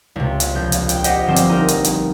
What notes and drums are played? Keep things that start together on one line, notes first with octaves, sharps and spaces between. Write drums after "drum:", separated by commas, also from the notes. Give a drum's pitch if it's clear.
C#2 C3
drum: hi-hat
A#1 G6
drum: hi-hat
G5, drum: hi-hat
G4 C5 D#5 F#5, drum: hi-hat
G1 F3 C4 C6 D6 E7
drum: hi-hat
D#4 A#4
drum: hi-hat
drum: hi-hat